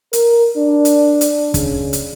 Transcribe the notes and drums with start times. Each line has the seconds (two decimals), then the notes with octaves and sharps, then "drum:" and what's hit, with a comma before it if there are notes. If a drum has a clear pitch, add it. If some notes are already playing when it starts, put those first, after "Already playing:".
0.13 A#4, drum: hi-hat
0.57 D4
0.85 drum: hi-hat
1.21 drum: hi-hat
1.54 C#3, drum: kick, hi-hat
1.93 drum: hi-hat